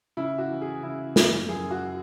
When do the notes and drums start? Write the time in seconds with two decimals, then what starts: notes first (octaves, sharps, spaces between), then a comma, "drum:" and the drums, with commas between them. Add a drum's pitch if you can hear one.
0.17 C#3 E4
0.38 F#4
0.50 E3
0.61 G#4
0.83 C#3 E4
1.16 F#2, drum: snare
1.49 F#2 G#4
1.71 F#4